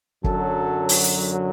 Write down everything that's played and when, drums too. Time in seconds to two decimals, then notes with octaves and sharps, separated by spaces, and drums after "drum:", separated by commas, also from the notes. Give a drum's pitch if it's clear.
0.24 F#2 D3 F#3 A4, drum: kick
0.89 drum: open hi-hat
1.04 drum: hi-hat